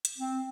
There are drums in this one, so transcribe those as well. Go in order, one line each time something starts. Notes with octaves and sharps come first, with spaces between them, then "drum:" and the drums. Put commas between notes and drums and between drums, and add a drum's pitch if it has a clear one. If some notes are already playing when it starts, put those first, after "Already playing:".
drum: hi-hat
C4